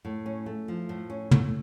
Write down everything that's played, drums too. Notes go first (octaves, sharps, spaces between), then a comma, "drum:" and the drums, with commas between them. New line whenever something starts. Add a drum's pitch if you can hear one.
A2
C#4
A3
F3
A2
C#4
A3, drum: tom